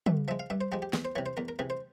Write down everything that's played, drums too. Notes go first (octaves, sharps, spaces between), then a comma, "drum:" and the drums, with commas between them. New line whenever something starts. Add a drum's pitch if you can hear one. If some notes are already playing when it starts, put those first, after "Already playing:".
G2 E5, drum: tom
F3 G#3 E5
F5
G2 E5
C5
F3 G#3 G4
G4
E2 G#4, drum: snare
C5
C3 E3 C#5
C5
E2 A#4
A#4
C3 E3 G#4
C5